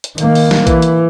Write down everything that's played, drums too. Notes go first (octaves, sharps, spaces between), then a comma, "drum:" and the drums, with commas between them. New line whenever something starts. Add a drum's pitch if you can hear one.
drum: hi-hat
D#3 A#3, drum: hi-hat
drum: open hi-hat
drum: snare
E3, drum: kick A#1, hi-hat
drum: hi-hat